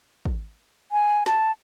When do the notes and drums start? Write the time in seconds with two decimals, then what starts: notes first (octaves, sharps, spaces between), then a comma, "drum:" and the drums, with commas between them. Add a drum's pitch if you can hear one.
0.25 drum: kick
0.92 G#5
1.26 A5, drum: snare